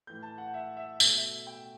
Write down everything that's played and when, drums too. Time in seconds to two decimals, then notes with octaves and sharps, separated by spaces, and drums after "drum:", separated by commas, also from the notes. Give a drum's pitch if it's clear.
0.07 A2 E3 A3 G6
0.23 A5
0.38 F#5
0.54 E5
0.77 E5
1.00 B2 A3, drum: tambourine
1.16 E5
1.47 G5